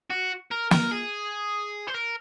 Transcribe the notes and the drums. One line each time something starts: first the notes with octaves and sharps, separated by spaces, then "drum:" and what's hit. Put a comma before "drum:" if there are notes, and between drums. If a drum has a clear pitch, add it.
F#4
A#4
A#4, drum: snare
G#4
C5
A#4